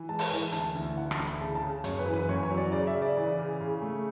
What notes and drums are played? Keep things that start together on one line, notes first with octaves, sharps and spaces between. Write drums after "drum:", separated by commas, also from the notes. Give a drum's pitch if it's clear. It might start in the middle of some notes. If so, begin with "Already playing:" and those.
Already playing: E3
G#3 A5
drum: open hi-hat
E3
D2 A5, drum: hi-hat
D2
E3 F#5
A5, drum: rim click
D2
B5
C#3 A5
A5
C#3
F#2 C#5, drum: hi-hat
B4
E3
B4
F#2 C#5
C#5
F#3
D5
C#3 D5
E5
C#3
D5
E3
C#3
C#3
A3